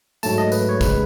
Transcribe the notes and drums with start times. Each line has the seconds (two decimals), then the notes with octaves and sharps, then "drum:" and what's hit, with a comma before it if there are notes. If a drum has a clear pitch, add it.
0.23 G#2 F#3 A3 A5, drum: tambourine
0.38 D#5
0.52 B4, drum: tambourine
0.69 C#5
0.81 C#3 G#3 B4, drum: kick, tambourine